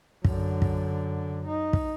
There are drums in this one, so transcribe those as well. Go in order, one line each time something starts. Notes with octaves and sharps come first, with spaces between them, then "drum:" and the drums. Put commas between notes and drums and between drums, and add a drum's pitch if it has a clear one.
F#2 D3, drum: kick
drum: kick
D#4
drum: kick